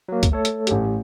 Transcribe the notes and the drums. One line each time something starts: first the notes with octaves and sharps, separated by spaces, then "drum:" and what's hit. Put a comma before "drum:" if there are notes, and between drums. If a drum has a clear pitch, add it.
F#3 A#3
drum: kick C#2, hi-hat
A3 A4 C#5
drum: hi-hat
A1 A2 G4, drum: hi-hat